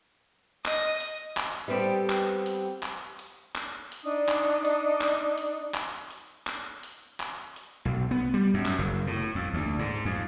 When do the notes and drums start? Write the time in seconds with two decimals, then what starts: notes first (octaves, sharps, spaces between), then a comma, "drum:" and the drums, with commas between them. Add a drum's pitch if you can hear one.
0.66 D#5, drum: clap
1.00 drum: hi-hat
1.37 drum: clap
1.68 G3 B3 C4 G4 A4
2.10 drum: clap
2.46 drum: hi-hat
2.83 drum: clap
3.19 drum: hi-hat
3.55 drum: clap
3.92 drum: hi-hat
4.04 D4 D#4 D#6
4.28 drum: clap
4.65 drum: hi-hat
5.01 drum: clap
5.38 drum: hi-hat
5.74 drum: clap
6.11 drum: hi-hat
6.47 drum: clap
6.83 drum: hi-hat
7.20 drum: clap
7.56 drum: hi-hat
7.85 B1
8.11 B3
8.34 G3
8.54 F#2
8.66 drum: clap
8.79 F#1
9.07 A2
9.35 F2
9.54 D2
9.79 G#2
10.05 F2